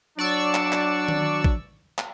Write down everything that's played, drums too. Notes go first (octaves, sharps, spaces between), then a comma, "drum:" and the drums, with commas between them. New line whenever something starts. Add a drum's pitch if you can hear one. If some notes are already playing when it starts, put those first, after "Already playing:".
F#3 D4 D5 C#6 E6
drum: clap
drum: clap
drum: tom D#3
drum: kick A1
drum: clap